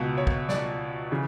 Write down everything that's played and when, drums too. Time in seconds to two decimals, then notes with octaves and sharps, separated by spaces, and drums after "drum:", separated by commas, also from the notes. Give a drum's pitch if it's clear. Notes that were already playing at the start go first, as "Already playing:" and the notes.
Already playing: C#2 B2
0.17 C#5
0.27 drum: kick
0.49 D5, drum: snare
1.11 C#3 E3